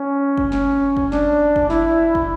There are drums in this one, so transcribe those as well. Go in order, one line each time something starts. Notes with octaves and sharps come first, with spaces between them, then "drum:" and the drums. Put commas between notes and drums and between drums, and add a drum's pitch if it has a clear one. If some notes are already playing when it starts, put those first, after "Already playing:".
Already playing: C#4
drum: kick
C#4, drum: snare
drum: kick
D4, drum: snare
drum: kick
E4, drum: snare
drum: kick